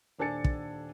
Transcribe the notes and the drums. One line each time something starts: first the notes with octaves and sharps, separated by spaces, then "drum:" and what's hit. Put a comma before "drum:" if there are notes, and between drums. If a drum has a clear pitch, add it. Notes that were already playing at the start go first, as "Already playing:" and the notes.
D#1 D4 A4 G#5 A6 C#7
drum: kick